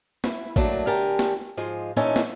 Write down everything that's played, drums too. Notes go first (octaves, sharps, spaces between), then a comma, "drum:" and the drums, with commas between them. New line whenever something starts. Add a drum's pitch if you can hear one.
E4, drum: snare
F#3 A3 A#3 D4, drum: kick A1
D3 G4 A#4 G#5 A5
drum: snare
G#2 F3 G#3
A#2 E3 C#4 D#4 A4 G#5
drum: snare